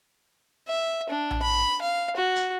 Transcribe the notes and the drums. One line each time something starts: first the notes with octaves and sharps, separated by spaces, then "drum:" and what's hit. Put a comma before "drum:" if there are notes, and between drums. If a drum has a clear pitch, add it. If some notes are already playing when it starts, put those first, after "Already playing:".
E5
D4
drum: tom A#1
B5
F5
F#4
drum: hi-hat